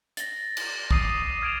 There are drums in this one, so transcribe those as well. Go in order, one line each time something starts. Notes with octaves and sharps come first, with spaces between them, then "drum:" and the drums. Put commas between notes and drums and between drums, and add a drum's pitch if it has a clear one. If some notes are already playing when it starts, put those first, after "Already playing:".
A6 A#6, drum: hi-hat
drum: cymbal
D6 D#6 C7 D#7, drum: kick
F6 G#6 C7 D7 E7 F7